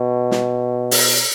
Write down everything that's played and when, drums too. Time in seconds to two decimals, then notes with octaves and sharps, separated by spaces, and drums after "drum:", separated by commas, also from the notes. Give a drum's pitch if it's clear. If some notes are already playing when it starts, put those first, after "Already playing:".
Already playing: B2
0.31 drum: snare
0.91 drum: open hi-hat